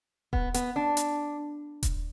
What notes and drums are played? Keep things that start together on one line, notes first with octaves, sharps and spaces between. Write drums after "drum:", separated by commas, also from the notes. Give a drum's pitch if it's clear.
B3, drum: kick D#1
B3, drum: hi-hat
D4
drum: hi-hat
drum: kick D#1, hi-hat